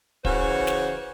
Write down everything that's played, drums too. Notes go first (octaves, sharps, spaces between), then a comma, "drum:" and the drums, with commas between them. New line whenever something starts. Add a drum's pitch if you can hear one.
C#3 E3 C#4 F#4 C5 C#5, drum: kick
drum: snare